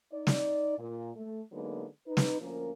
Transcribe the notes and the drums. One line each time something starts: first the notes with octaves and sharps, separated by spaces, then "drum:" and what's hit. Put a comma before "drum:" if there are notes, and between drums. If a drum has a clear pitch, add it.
D#4 D5
drum: snare
A#2
A3
D3 F#3 G#3 A#3 B3 D#4
D#4 B4
drum: snare
D2 F3 A#3 C#4 A#4